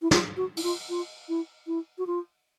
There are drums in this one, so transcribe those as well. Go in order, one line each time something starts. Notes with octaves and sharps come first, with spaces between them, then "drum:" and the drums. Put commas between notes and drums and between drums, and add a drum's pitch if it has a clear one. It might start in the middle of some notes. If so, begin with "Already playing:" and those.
E4
F4, drum: snare
F#4
E4, drum: open hi-hat
F4
F4
E4
E4
F#4
F4